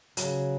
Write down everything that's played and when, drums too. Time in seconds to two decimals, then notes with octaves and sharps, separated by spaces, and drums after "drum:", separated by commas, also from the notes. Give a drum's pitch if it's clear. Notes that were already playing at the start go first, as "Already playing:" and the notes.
0.17 C#3 F#3, drum: hi-hat